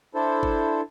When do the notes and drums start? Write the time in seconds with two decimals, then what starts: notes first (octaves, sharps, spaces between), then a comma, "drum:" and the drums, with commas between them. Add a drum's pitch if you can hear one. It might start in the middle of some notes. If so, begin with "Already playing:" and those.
0.15 D4 E4 A4 C5
0.43 drum: kick G1